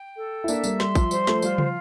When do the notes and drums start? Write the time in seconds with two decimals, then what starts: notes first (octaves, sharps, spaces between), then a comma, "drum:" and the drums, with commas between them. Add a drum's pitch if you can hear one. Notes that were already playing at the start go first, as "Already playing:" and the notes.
Already playing: G5
0.17 A4
0.44 E4
0.48 A#3 D4 E5, drum: tambourine
0.64 G3 A#3, drum: tambourine
0.80 G3 C6, drum: snare
0.95 F3, drum: kick, tambourine
1.11 G3 C5, drum: tambourine
1.27 F3 A3, drum: snare
1.42 G3 F4, drum: tambourine
1.58 F3, drum: tom